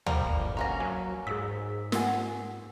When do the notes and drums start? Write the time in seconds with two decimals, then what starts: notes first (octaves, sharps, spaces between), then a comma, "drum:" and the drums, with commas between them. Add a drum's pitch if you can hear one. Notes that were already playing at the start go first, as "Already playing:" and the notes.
0.06 F3 G3 A#3, drum: tom D2
0.25 G1
0.57 A#3 C#4 F#4 A#5 A#6
0.80 F#3 G#5
1.27 G#2 G#4 E6 B6
1.92 F4 A#4 F#5 G#5, drum: snare